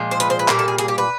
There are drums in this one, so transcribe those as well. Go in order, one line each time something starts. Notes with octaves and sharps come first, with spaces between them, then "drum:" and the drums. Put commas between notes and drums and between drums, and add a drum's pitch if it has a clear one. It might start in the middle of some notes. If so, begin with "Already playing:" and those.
Already playing: A#2 F3 G#3
C5
B4, drum: hi-hat
C5
B4
A#2 G3 A#3 A#4, drum: clap
A4
G#4
G#4, drum: hi-hat
G4
B4